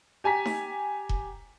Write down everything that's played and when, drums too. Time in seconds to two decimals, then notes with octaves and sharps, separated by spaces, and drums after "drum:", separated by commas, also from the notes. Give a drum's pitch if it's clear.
0.24 G4 G#5 A#5 B6
0.45 drum: snare D#4
1.09 drum: kick E1